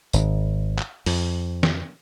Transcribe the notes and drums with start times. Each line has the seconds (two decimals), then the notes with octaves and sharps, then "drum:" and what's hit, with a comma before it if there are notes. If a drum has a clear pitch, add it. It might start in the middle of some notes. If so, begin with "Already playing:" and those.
0.13 G#1, drum: tambourine
0.78 drum: clap
1.06 F2, drum: open hi-hat
1.63 drum: snare